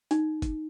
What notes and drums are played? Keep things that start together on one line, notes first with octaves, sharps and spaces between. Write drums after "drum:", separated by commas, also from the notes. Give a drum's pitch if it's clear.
D#4, drum: hi-hat
drum: kick, hi-hat